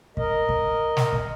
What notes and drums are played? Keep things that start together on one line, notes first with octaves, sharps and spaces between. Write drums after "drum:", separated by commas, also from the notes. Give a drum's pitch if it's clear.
A#4 D#5, drum: kick
drum: kick
drum: snare
drum: kick